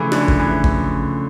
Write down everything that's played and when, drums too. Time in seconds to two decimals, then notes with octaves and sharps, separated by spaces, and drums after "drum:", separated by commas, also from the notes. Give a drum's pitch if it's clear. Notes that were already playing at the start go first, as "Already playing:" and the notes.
Already playing: C#3 E3 F3 A3
0.12 D3, drum: snare
0.28 drum: kick G1
0.40 E3
0.64 drum: kick G1